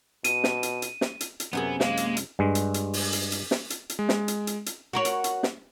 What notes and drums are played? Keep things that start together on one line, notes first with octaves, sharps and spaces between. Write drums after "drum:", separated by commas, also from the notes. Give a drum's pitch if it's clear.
B2 D#7, drum: hi-hat
drum: snare
drum: hi-hat
drum: hi-hat
drum: snare
drum: hi-hat
drum: hi-hat
F#2 C3 B3 G#4
G#3 A#3 F5, drum: snare
drum: hi-hat
drum: hi-hat
G2 G#3
drum: hi-hat
drum: hi-hat
drum: open hi-hat
drum: hi-hat
drum: hi-hat
drum: snare
drum: hi-hat
drum: hi-hat
G#3
drum: snare
drum: hi-hat
drum: hi-hat
drum: hi-hat
F#4 A#4 C#5
drum: hi-hat
drum: hi-hat
drum: snare